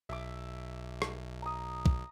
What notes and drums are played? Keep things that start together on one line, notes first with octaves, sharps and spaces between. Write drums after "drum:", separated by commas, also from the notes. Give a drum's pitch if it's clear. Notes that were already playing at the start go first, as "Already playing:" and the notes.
B1 E5 D6
drum: rim click
A#5 D#6
drum: kick